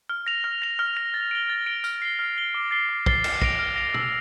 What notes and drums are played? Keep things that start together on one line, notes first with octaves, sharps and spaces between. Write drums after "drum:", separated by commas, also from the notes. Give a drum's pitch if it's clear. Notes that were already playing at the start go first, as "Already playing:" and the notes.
F6
A#6 F7
F6
A#6 F7
F6
A#6 F7
A6
D7 G7
A6
D7 G7
F6, drum: tambourine
C7 G7
F6
C7 G7
D6
A6 C7 G7
D6
A6 C7 G7, drum: kick
F6, drum: cymbal
A#6 D7 F7, drum: kick
F6
A#6 D7 F7
E6, drum: tom